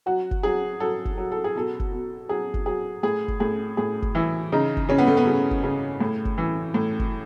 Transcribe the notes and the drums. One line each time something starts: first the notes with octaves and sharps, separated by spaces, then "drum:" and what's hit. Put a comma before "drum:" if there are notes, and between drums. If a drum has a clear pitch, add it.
F#3 F#4
drum: kick
F#3 G#4
F#3 A4
drum: kick
F#3
A4
G#4
B2 A4
drum: kick
B2
F#3 G#4
drum: kick
F#3 G#4
A2 G#4
drum: kick
A2 G#4
A2 G#4
drum: kick
E3 E4
C#3 D#4
drum: kick
C#3 C#4
B3
A3
B3
C#3
drum: kick
C#3
A2
drum: kick
E3
A2
drum: kick